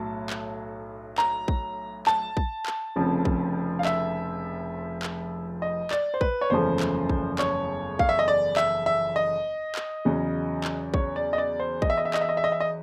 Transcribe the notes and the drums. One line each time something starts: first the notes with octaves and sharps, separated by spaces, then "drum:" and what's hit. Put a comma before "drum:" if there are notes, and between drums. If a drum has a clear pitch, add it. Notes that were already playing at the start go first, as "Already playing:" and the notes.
Already playing: B1 A2 F#3 A5
drum: clap
A#5, drum: clap
drum: kick
A5, drum: clap
drum: kick
drum: clap
F1 F2 C#3 F3
drum: kick
F5
E5, drum: clap
drum: clap
D#5
D5, drum: clap
C5
B4, drum: kick
C#5
F#1 E2 C#3 F3 A3 C5
drum: clap
drum: kick
C#5, drum: clap
F5, drum: kick
E5
D#5
D5
E5, drum: clap
E5
D#5
drum: clap
E2 C#3 F#3
drum: clap
C#5, drum: kick
D5
D#5
D5
C5
D#5, drum: kick
E5
D#5
E5
D#5, drum: clap
E5
D#5
E5
D#5
E5
D#5